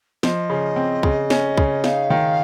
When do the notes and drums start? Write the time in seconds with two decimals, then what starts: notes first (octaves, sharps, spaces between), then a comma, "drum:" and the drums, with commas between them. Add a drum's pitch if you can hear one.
0.23 F3 D#5, drum: snare
0.50 C#3
0.76 C4
1.03 C#3, drum: kick
1.30 C#4, drum: snare
1.57 C#3, drum: kick
1.84 D#4 F5, drum: snare
2.10 D#3